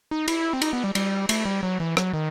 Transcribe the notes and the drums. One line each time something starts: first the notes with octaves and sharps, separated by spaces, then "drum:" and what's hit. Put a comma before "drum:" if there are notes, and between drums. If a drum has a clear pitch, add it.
D#4
E4, drum: cymbal
C4
D#4, drum: cymbal
B3
G3
G3, drum: cymbal
A3, drum: cymbal
G3
F#3
E3
F#3, drum: rim click
D#3